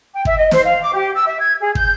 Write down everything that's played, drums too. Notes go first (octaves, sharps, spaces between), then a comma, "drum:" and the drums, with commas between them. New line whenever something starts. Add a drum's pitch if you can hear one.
G5
E5, drum: kick
D#5
C5, drum: snare
F5
D6
G4
E6
E5
G#6
G#4
G6, drum: kick